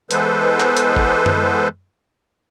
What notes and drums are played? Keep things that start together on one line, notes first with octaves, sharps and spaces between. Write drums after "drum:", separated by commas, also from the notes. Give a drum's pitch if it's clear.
E3 G#3 B3 A4 B4 C5, drum: hi-hat
drum: clap
drum: hi-hat
drum: kick
drum: tom F#2